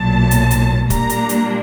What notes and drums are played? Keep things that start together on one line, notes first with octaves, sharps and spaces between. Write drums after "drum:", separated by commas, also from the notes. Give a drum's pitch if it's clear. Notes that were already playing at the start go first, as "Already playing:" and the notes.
Already playing: B1 A#2 F#3 A5
drum: hi-hat
drum: hi-hat
A#2 G3 A#3 D4 A#5, drum: kick, hi-hat
drum: hi-hat
drum: hi-hat